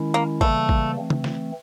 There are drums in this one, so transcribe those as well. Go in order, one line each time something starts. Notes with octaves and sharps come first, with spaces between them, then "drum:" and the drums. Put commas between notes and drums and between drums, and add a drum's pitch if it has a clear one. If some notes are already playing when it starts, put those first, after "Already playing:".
Already playing: D#3 G#3 C#4 E4
A#3
C#3 E3 G3 A3 A#3, drum: kick
drum: kick
E3 A3 C4
drum: tom C#3
drum: snare D3